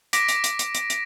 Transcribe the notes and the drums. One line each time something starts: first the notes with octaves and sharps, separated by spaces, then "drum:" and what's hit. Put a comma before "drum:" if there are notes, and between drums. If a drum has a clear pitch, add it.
D6 A#6 B6 D7, drum: hi-hat
drum: hi-hat
drum: hi-hat
drum: hi-hat
drum: hi-hat
drum: hi-hat